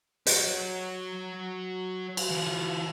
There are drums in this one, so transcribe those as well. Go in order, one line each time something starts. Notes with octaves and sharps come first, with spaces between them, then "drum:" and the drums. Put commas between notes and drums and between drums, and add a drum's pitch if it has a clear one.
F#4 C#5, drum: hi-hat
drum: cymbal
E3 F4